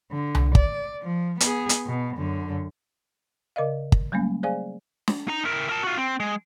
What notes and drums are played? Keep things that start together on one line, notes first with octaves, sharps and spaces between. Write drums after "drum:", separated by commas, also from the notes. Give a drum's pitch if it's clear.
D3
drum: tom C2
D5, drum: kick
F3
B3 G#4, drum: hi-hat
drum: hi-hat
B2
F#2 D3
C#3 A#4 D5 D#5 F5
drum: kick
F#3 G3 A3 A#3 C#4
G#4 C5 D5 F5 G#5
drum: snare
D#4 A#5
E4 A#4
A#4 A5
F4 F#4
C4
G#3